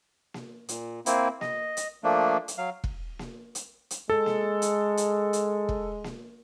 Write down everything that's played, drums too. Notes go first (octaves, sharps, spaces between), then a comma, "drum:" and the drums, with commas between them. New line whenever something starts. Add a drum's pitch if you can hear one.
drum: snare A#3
A#2, drum: hi-hat
A#3 C4 E4, drum: hi-hat
D#5, drum: snare A#3
drum: hi-hat
F3 A3 A#3 D4
drum: hi-hat
F#3 F5
drum: kick F1
drum: snare A#3
drum: hi-hat
drum: hi-hat
G#3 A4
drum: snare A#3
drum: hi-hat
drum: hi-hat
drum: hi-hat
drum: kick F1
drum: snare A#3